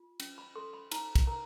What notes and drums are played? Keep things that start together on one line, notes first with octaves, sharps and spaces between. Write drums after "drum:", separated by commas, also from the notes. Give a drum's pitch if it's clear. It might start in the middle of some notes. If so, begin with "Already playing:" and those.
Already playing: F4
C#4, drum: cymbal
B5
A4 C6
B5
D#4 A#5, drum: cymbal
drum: kick, cymbal
A#4 A#5